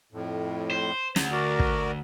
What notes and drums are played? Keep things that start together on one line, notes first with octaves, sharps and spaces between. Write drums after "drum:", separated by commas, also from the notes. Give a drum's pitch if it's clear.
F2 A2
C5
D2, drum: snare
F#4 A#4 D5
drum: kick